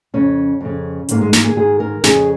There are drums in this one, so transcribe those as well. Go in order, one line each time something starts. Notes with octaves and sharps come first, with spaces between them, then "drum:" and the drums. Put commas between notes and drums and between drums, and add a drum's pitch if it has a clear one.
F2 C#3 C#4
F2 C#3
G#2 D#3 A#3, drum: hi-hat
G#3
A#3, drum: snare
G#4
G#2 D#3 G#4
A#4
F2 C#3 G#4, drum: snare